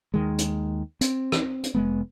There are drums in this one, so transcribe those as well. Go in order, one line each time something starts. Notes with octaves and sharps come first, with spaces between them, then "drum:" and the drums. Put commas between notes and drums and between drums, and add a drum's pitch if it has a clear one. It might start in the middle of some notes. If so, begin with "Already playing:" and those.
D#2 D#3 G#3
drum: hi-hat
C4, drum: hi-hat
drum: rim click
drum: hi-hat
F1 G#3 B3